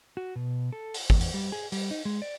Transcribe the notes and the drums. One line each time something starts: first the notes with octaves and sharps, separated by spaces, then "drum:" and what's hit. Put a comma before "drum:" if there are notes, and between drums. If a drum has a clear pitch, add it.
F#4
B2
A4
drum: open hi-hat
E2, drum: kick
drum: open hi-hat
G3
G#4
G3, drum: open hi-hat
D#4
G#3
D5